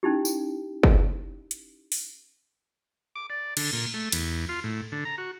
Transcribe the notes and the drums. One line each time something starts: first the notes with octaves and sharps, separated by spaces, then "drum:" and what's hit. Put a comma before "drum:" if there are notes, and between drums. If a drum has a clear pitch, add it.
C#4 D#4 E4 G4
drum: tambourine
drum: kick
drum: hi-hat
drum: open hi-hat
D6
D5
D3, drum: cymbal
A#2
A3
E2, drum: cymbal
F4
A2
D3
A#5
F#4